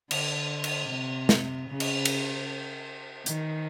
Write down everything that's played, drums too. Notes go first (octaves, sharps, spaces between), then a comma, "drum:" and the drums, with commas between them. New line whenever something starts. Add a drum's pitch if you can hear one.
D3, drum: cymbal
drum: cymbal
C3
drum: snare
C#3
drum: cymbal
drum: cymbal
D#3, drum: hi-hat